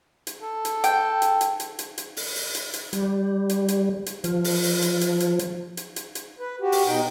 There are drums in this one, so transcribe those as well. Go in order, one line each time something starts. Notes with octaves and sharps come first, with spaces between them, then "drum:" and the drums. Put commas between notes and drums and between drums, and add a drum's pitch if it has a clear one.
drum: hi-hat
A4
drum: hi-hat
G5, drum: hi-hat
drum: hi-hat
drum: hi-hat
drum: hi-hat
drum: hi-hat
drum: hi-hat
drum: open hi-hat
drum: open hi-hat
drum: hi-hat
drum: hi-hat
G3, drum: hi-hat
drum: hi-hat
drum: hi-hat
drum: hi-hat
F3, drum: hi-hat
drum: open hi-hat
drum: open hi-hat
drum: hi-hat
drum: hi-hat
drum: hi-hat
drum: hi-hat
drum: hi-hat
drum: hi-hat
drum: hi-hat
B4
F#4 G4
drum: open hi-hat
B2 D#4 G5